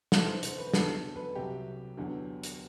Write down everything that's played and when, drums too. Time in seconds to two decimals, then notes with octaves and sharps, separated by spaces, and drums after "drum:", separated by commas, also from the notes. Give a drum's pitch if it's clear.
0.12 D2 C3 E3 A4, drum: snare
0.27 C5
0.43 C5, drum: hi-hat
0.58 B4
0.73 E2 D3 F#3 A4, drum: snare
1.15 B4
1.35 C2 C3 F#3 G4
1.97 E2 D3 F#3
2.43 drum: hi-hat